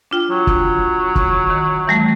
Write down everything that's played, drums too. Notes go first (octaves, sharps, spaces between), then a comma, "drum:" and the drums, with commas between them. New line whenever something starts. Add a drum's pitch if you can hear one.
D4 F4 G5
F#3
drum: kick
drum: kick
D#3
E3 G3 A3